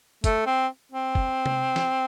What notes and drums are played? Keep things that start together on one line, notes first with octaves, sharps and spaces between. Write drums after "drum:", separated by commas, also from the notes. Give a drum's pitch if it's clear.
A3, drum: kick, hi-hat
C4
C4
drum: kick
drum: tom C3
drum: snare